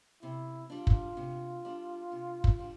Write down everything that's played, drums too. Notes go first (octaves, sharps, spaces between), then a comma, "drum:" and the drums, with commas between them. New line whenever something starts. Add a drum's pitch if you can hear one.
C3 E4
G3 D4 F4
drum: kick
C3
G3 D4
C3
drum: kick
G3 D4